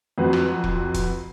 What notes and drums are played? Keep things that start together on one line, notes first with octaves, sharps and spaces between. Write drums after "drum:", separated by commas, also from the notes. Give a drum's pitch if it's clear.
F2 F#3 C4 F#4 B4
drum: rim click
drum: kick E1
drum: kick E1, hi-hat